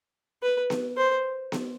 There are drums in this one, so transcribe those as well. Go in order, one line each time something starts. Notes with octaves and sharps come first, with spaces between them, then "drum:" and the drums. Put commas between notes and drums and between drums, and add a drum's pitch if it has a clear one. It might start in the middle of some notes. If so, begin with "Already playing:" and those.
B4
drum: snare B3
C5
drum: snare B3